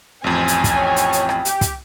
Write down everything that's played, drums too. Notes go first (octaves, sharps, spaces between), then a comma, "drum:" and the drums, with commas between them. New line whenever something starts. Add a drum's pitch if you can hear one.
A1 F2 C4 G#5
drum: hi-hat
drum: kick, hi-hat
C#5 G5
drum: hi-hat
drum: hi-hat
drum: rim click
G4, drum: hi-hat
drum: kick, hi-hat